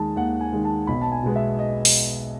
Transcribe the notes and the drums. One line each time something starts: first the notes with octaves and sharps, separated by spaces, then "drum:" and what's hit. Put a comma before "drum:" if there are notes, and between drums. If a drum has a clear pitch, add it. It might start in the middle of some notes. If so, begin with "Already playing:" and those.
Already playing: D#2 D#3 G#3 A5
D#2 F#5
G#5
D#3 G#3
A5
B1 B5
A5
G#5
B2 G#3 B3
E5
D#5
drum: open hi-hat